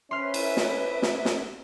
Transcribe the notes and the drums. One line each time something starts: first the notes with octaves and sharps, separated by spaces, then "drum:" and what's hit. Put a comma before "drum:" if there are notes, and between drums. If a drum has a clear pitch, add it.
C#4 B4 C5 E5 C6 F6
drum: cymbal
drum: snare
drum: snare
drum: snare